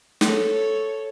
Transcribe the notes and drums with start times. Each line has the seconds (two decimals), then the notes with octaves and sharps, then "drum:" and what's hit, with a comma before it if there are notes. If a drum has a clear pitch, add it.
0.21 A4 C#5, drum: snare